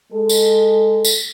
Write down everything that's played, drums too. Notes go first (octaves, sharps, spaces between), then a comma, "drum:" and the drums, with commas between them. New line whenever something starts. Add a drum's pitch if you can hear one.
G#3 A4
drum: tambourine
drum: tambourine